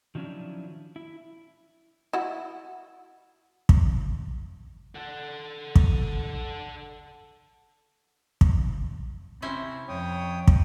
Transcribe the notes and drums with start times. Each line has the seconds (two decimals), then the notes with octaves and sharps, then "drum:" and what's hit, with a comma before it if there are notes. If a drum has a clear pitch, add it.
0.15 D#3 F3 F#3 C#4 D4 E4
0.96 E4
2.13 E4 F#4
3.69 drum: kick
4.95 A4 F#5
5.75 drum: kick
8.41 drum: kick
9.42 C3 C#4 E4 C5
9.88 F2 C#5 G5 D#6
10.47 drum: kick